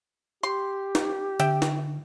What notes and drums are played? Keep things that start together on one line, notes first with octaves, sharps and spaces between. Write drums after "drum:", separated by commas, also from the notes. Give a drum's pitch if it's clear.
G4 C6
drum: snare
D3 E5 G5, drum: hi-hat
drum: snare